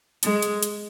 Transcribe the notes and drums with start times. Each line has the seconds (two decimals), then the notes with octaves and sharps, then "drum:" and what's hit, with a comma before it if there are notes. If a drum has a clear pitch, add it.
0.23 G#3, drum: hi-hat
0.42 drum: hi-hat
0.63 drum: hi-hat